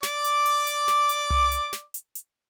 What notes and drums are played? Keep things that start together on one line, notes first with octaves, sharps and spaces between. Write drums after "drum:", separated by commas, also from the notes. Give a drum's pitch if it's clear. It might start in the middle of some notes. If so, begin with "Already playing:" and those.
D5 D6, drum: snare
drum: hi-hat
drum: open hi-hat
drum: hi-hat
drum: snare
drum: hi-hat
drum: tom C2
drum: hi-hat
drum: snare
drum: hi-hat
drum: hi-hat